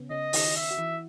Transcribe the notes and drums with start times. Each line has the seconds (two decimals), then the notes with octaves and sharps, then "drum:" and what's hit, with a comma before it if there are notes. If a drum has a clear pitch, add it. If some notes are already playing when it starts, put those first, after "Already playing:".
Already playing: C#3 B3 C#4
0.10 C#3 C#4 D#5
0.33 D#3 D#4, drum: open hi-hat
0.56 E5
0.71 F#4
0.78 E3 E4